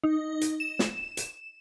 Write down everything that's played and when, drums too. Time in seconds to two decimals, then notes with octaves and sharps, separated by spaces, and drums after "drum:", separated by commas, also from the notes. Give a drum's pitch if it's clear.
0.04 D#4
0.41 drum: hi-hat
0.60 E7
0.79 drum: snare
1.17 drum: hi-hat